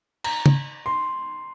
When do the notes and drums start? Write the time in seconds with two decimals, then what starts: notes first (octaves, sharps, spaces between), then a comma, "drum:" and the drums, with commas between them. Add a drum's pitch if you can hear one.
0.24 A#5, drum: cymbal
0.46 drum: tom
0.86 C6